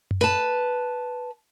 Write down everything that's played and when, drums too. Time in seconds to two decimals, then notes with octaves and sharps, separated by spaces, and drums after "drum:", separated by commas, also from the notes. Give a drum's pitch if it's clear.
0.11 drum: tom F#2
0.21 B4 A5